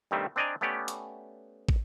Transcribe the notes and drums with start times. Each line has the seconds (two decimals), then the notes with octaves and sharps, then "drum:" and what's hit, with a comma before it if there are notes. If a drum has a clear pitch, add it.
0.11 G2 C3 D#3 G3 A3 C4
0.36 C4 D4 D5 D#5 G#5 A#5
0.61 A3 B3 C#4 G4 D5
0.88 drum: hi-hat
1.69 drum: kick